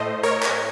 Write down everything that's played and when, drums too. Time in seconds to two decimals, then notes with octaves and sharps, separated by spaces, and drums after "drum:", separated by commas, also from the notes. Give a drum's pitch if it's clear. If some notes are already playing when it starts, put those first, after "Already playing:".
Already playing: A2 A3 C5 D#5
0.23 A#4 C#5
0.43 drum: clap